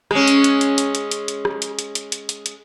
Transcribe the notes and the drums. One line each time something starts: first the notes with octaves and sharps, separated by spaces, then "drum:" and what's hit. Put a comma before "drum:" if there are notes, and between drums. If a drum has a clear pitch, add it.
G#3 C#4, drum: rim click
drum: hi-hat
drum: hi-hat
drum: hi-hat
drum: hi-hat
drum: hi-hat
drum: hi-hat
drum: hi-hat
drum: rim click
drum: hi-hat
drum: hi-hat
drum: hi-hat
drum: hi-hat
drum: hi-hat
drum: hi-hat